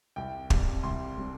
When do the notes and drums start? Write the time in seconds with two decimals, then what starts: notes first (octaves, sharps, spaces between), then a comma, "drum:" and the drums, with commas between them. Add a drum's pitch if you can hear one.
0.16 C2 G5
0.50 C3 G3, drum: kick
0.83 C2 C6
1.17 C3 G3